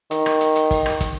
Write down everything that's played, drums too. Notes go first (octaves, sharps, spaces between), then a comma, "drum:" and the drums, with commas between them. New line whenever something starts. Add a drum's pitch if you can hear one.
D#3, drum: hi-hat
drum: rim click
drum: hi-hat
drum: hi-hat
drum: kick, open hi-hat
drum: rim click
drum: kick, hi-hat